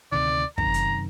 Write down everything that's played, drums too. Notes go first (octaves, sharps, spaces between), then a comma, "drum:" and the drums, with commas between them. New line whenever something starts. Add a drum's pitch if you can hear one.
D2 C3 D#3 D5
F#2 C3 D#3 A#5, drum: kick
drum: hi-hat